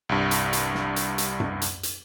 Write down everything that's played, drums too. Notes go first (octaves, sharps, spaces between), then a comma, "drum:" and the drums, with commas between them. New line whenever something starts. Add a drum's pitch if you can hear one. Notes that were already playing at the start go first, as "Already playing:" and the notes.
C2 G2
drum: hi-hat
drum: hi-hat
drum: snare
drum: hi-hat
drum: hi-hat
drum: tom F#2
drum: hi-hat
drum: hi-hat